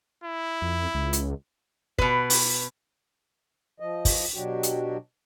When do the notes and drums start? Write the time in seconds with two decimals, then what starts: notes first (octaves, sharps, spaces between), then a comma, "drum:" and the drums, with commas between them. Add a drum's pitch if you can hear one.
0.24 E4
0.62 F2
0.94 C#2
1.13 drum: hi-hat
1.98 B2 B4, drum: kick
2.30 drum: open hi-hat
3.80 F3 D#5
4.05 drum: kick, open hi-hat
4.34 B2 F#3 D4 F#4 G4
4.63 drum: hi-hat